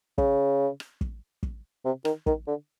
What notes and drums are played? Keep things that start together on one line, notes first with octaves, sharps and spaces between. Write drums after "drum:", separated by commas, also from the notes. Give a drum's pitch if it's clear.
C#3, drum: kick
drum: rim click
drum: kick
drum: kick
C3
D#3, drum: rim click
D#3, drum: kick
D3